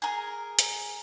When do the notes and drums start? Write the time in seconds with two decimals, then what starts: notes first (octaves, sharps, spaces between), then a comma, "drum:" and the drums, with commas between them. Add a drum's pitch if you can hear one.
0.02 G#4 A#4
0.59 drum: hi-hat